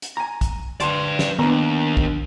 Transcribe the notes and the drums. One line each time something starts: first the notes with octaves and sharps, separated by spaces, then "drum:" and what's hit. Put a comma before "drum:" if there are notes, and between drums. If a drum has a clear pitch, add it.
drum: hi-hat
G#5 A#5
drum: kick, hi-hat
D2 B4 D5 A5 C6, drum: hi-hat
drum: snare
D#2 B3 D4 A#4 A#5
drum: kick